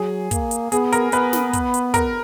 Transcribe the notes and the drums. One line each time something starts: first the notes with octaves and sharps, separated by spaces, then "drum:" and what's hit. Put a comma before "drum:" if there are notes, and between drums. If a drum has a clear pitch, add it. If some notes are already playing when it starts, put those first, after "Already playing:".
Already playing: F#3 G#4
A#3, drum: kick, hi-hat
drum: hi-hat
B3 G#4, drum: hi-hat
A#4, drum: hi-hat
B3 B4, drum: hi-hat
drum: snare
drum: kick, hi-hat
drum: hi-hat
A#4, drum: kick, hi-hat